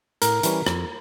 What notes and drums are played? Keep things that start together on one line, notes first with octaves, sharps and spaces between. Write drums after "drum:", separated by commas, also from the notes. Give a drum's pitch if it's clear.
A2 A#4, drum: hi-hat
E3 G3 C#4, drum: hi-hat
F2, drum: rim click